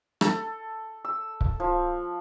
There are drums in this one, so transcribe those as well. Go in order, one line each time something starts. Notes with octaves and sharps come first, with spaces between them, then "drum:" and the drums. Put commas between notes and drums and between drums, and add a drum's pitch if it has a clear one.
A4, drum: rim click
E6
drum: kick C#1
F3